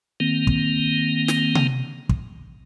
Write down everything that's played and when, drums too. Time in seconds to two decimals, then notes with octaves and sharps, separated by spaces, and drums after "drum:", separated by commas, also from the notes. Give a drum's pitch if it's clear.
0.20 D#3 A#3 C4
0.47 drum: kick
1.28 drum: snare
1.55 drum: tom C3
2.09 drum: kick